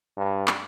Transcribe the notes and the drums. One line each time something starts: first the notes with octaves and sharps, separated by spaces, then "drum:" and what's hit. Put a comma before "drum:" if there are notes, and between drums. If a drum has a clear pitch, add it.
G2
drum: clap